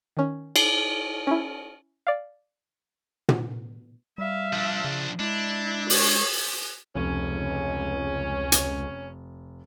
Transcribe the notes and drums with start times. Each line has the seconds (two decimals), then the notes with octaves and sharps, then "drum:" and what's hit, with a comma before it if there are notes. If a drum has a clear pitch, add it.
0.17 D#3 C#4
0.56 C7, drum: cymbal
1.27 C#4 E4
2.07 D5 F5
3.29 drum: tom
4.18 G3 E5 F5
4.53 F3 D4
4.84 C#3
5.19 G#3 D4 E4
5.90 C#5, drum: open hi-hat
6.95 F1 C#2 C#4
8.52 drum: hi-hat